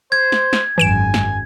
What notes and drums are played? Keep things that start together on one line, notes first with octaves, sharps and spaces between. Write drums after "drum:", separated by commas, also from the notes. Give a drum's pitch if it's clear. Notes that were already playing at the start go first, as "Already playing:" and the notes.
C5 G#6
drum: snare
drum: snare
G#1 F#2 E3 G#5 D7 E7
drum: snare